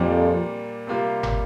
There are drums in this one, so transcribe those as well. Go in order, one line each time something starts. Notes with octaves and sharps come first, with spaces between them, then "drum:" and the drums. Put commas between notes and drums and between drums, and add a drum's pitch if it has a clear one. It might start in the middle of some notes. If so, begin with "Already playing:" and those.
Already playing: F2 A#2 G3 A#3 D4 G4
C3 G3 A#3 F4
drum: tom